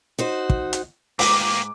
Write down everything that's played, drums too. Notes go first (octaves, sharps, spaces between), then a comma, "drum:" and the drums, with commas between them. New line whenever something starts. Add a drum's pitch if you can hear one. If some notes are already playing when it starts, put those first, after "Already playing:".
D#4 F#4 C5
drum: kick
drum: hi-hat
G#2 A#3 G4 D6, drum: open hi-hat